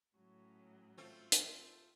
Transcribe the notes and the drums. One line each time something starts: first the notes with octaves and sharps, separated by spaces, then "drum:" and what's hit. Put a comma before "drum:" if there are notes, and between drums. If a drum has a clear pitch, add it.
A2 F#3 C#4
A3 C4 F4
drum: hi-hat